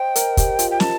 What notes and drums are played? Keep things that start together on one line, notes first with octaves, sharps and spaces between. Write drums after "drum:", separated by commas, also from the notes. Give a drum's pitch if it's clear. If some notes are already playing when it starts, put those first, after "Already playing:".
Already playing: C5 D#5 G5
A#4, drum: hi-hat
G4, drum: kick, hi-hat
F4, drum: hi-hat
G5
A5, drum: snare